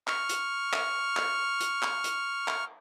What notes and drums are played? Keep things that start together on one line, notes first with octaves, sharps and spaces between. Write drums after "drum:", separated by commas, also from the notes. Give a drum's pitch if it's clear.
C#6 F6, drum: clap
drum: hi-hat
drum: clap
drum: clap
drum: hi-hat
drum: clap
drum: hi-hat
drum: clap